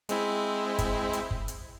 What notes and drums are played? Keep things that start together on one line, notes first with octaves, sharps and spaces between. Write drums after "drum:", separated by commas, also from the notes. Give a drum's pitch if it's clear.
G#3 C4 E4, drum: hi-hat
drum: kick F#1, hi-hat
drum: hi-hat
drum: kick F#1
drum: hi-hat